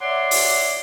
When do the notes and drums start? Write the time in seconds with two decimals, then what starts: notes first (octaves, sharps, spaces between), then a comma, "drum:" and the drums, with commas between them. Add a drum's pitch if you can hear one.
0.01 C#5 D5 E5 F#5 C6 D6
0.31 drum: open hi-hat